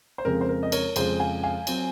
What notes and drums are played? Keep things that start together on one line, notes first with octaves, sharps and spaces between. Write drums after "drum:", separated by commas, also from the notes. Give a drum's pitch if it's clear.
C5
F2 C#3 F3 G#3 C4 A#4
C5
A#4
D#5
A#4 C#5, drum: cymbal
F2 C#3 F3 G#3 C4 G#4 C5, drum: cymbal
F5 G#5
F5 G#5
F#3 C4, drum: cymbal